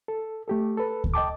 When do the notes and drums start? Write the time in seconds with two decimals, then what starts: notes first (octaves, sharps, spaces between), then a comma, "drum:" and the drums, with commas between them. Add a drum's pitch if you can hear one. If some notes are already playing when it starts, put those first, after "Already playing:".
0.08 A4
0.48 A3 G4 A4
0.77 A4 B4
1.04 drum: kick D2
1.14 D#5 G5 A5 D6